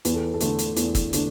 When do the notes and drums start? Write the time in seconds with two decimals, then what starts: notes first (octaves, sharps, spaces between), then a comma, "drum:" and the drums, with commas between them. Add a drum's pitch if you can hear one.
0.05 E2 B4, drum: hi-hat
0.14 A4
0.34 A4
0.41 D3 A3 D4, drum: hi-hat
0.59 drum: hi-hat
0.77 E2, drum: hi-hat
0.95 drum: kick, hi-hat
1.13 D3 A3 D4, drum: hi-hat